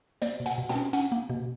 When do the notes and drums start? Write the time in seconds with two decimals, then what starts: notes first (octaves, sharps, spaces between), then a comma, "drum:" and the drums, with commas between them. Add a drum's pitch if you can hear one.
0.22 A#3 C5 D5, drum: hi-hat
0.40 B2
0.46 F#5 G#5, drum: hi-hat
0.58 B2
0.69 G5 A5, drum: snare
0.75 C#4
0.93 C#4 F#5 G#5, drum: hi-hat
1.12 A#3
1.30 B2